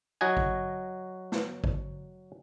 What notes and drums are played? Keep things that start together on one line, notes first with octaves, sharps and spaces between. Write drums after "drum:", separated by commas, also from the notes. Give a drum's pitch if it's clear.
F#3 F#4 D#5 G#5
drum: kick G#1
drum: snare
drum: kick G#1